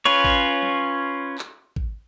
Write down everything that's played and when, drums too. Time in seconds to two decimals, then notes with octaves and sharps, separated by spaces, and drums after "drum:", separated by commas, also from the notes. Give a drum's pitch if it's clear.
0.05 C#4 F4 B4 C#5
0.24 drum: kick
0.62 drum: tom F#3
1.38 drum: clap
1.76 drum: kick